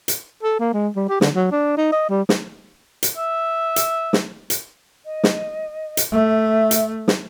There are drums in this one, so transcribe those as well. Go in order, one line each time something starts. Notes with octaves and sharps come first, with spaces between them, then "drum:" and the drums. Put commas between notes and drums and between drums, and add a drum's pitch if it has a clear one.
drum: hi-hat
A4
A#3
G#3
G3
G4
D3, drum: snare
F#3
D4
D#4
D#5
G3
drum: snare
drum: hi-hat
E5
drum: hi-hat
drum: snare
drum: hi-hat
D#5
drum: snare
drum: hi-hat
A3 E5
drum: hi-hat
drum: snare